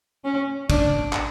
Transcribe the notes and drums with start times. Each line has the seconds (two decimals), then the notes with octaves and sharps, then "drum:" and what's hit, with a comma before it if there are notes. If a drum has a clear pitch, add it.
0.25 C#4
0.70 D4, drum: kick, tambourine
1.13 drum: clap